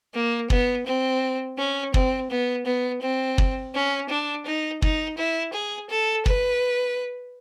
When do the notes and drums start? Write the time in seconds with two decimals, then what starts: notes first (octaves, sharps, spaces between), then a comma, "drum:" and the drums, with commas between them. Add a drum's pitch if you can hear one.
0.15 A#3
0.50 B3, drum: kick
0.86 C4
1.58 C#4
1.94 C4, drum: kick
2.30 B3
2.66 B3
3.02 C4
3.38 drum: kick
3.75 C#4
4.10 D4
4.46 D#4
4.82 D#4, drum: kick
5.18 E4
5.53 G#4
5.90 A4
6.26 B4, drum: kick